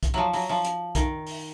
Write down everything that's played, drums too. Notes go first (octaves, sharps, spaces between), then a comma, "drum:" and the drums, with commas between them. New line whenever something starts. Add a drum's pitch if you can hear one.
drum: kick, hi-hat
F3 F#3
F#3, drum: open hi-hat
F3
drum: hi-hat
D#3, drum: kick, hi-hat
drum: open hi-hat